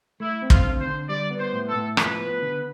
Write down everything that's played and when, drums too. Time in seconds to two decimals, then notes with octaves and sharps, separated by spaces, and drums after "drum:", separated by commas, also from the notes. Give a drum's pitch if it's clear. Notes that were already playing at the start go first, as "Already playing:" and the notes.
0.20 A3 E4
0.42 C4
0.50 F4, drum: kick
0.65 D3
0.79 C5
0.87 D3
1.09 G3 D5
1.31 B3
1.38 C5
1.53 A2
1.68 A4
1.75 A2
1.97 F3 B4, drum: rim click
2.20 B3
2.42 D3